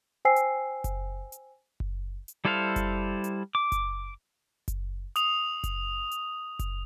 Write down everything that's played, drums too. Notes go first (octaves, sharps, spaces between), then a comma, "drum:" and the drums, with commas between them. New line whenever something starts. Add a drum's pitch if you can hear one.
C5 G5 G#5 E6 C7
drum: hi-hat
drum: kick F#1, hi-hat
drum: hi-hat
drum: kick F#1
drum: hi-hat
G3 E4 A4 C5 F5
drum: kick F#1, hi-hat
drum: hi-hat
D6
drum: kick F#1, hi-hat
drum: kick F#1, hi-hat
D#6 F7, drum: hi-hat
drum: kick F#1, hi-hat
drum: hi-hat
drum: kick F#1, hi-hat